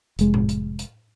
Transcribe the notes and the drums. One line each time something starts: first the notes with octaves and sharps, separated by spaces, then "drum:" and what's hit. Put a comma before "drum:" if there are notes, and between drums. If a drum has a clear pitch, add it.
F1 G#3, drum: hi-hat
drum: tom A2
drum: hi-hat
drum: hi-hat